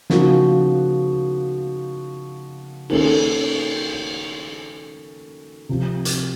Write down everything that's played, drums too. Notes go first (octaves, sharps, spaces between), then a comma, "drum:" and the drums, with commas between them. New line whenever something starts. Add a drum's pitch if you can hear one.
C#3 F3 A#3 D#4 F#4, drum: snare
D#3 A#3 C#4 A4, drum: cymbal
C3 F3 C4
drum: hi-hat